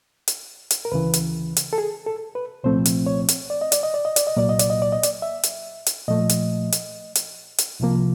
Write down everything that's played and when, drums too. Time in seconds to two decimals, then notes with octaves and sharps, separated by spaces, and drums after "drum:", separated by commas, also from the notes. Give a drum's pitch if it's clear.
0.28 drum: hi-hat
0.71 drum: hi-hat
0.85 A#4
0.92 D2 C#3 E3 B4
1.14 drum: hi-hat
1.57 drum: hi-hat
1.73 A4
1.78 G#4
2.06 A4
2.35 B4
2.64 C2 A#2 F3 A3 C4 C5
2.86 drum: hi-hat
3.06 C#5
3.29 drum: hi-hat
3.50 D5
3.61 D#5
3.72 D5, drum: hi-hat
3.83 D#5
3.94 D5
4.05 D#5
4.16 D5, drum: hi-hat
4.27 D#5
4.36 C2 A#2 F#3 A#3 D5
4.49 D#5
4.59 D5, drum: hi-hat
4.70 D#5
4.82 D5
4.92 D#5
5.03 D5, drum: hi-hat
5.22 E5
5.43 drum: hi-hat
5.86 drum: hi-hat
6.08 A#2 F3 A3 D#5
6.29 drum: hi-hat
6.72 drum: hi-hat
7.15 drum: hi-hat
7.58 drum: hi-hat
7.80 C2 C3 F3 A#3